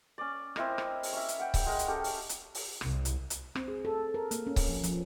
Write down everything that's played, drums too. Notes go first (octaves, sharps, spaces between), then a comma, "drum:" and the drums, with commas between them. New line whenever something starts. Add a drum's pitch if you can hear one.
C#4 D5
C4 E4 A#4 D#5, drum: rim click
drum: rim click
drum: open hi-hat
C#4 E5
drum: hi-hat
F#5 G5
drum: kick C#1, open hi-hat
G#3 A#4
drum: hi-hat
C#4 G4 A4
drum: open hi-hat
drum: hi-hat
drum: open hi-hat
C2, drum: rim click
drum: hi-hat
drum: hi-hat
C4, drum: rim click
G#4
A4
A#4
A#3, drum: hi-hat
C#4
drum: kick C#1, open hi-hat
F3
F3, drum: hi-hat